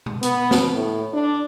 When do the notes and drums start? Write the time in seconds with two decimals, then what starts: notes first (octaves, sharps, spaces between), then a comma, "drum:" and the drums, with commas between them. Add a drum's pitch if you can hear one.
0.06 drum: tom
0.23 B3, drum: hi-hat
0.51 drum: snare
0.74 A2
1.14 D4